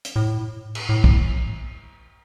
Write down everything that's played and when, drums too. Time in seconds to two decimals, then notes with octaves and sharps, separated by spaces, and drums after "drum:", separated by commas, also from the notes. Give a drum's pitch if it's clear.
0.05 drum: hi-hat
0.16 A2
0.75 drum: cymbal
0.89 A2
1.04 drum: kick